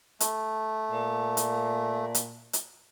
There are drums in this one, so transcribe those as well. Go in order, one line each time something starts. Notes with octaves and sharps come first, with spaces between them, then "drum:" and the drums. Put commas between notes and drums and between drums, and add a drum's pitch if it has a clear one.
A3, drum: hi-hat
A#2
drum: hi-hat
drum: hi-hat
drum: hi-hat